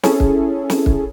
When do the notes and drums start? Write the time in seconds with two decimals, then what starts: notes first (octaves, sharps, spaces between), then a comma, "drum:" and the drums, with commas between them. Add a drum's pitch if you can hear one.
0.03 C#4 E4 G#4 A4, drum: snare
0.20 drum: kick
0.70 drum: snare
0.86 drum: kick